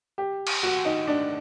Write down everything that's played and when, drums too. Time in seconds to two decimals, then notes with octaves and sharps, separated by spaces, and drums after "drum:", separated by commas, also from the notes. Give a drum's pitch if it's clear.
0.18 G4
0.47 drum: cymbal
0.63 F#4
0.85 D#4
1.08 D4